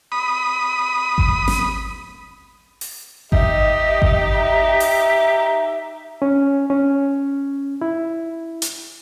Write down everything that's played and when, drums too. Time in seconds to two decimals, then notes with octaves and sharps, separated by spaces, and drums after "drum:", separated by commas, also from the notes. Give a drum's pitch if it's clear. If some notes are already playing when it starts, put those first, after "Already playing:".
0.12 B5 D#6
1.18 drum: kick G#1
1.48 drum: snare
2.81 drum: open hi-hat
3.32 D#4 G4 D#5 E5, drum: kick G#1
4.02 drum: kick G#1
4.34 E5 A#5
4.80 drum: open hi-hat
6.22 C#4
6.70 C#4
7.81 E4
8.62 drum: hi-hat